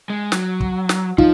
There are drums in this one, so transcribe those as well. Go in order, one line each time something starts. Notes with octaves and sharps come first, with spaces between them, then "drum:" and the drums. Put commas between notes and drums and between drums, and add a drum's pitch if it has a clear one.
G#3
F#3, drum: snare
drum: kick
drum: snare
F3 D#4 F4, drum: kick